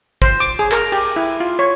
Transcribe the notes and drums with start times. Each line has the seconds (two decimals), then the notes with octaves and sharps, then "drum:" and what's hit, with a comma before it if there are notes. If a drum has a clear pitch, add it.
0.22 C5, drum: kick
0.40 D6, drum: hi-hat
0.59 G#4
0.72 A#4, drum: clap
0.92 G4, drum: cymbal
1.16 E4
1.40 F4
1.59 C#5